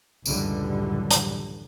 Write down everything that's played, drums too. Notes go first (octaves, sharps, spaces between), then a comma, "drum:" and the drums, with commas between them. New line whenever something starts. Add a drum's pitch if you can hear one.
C#2 F#2 A2 D3 E3 G3, drum: tambourine
drum: hi-hat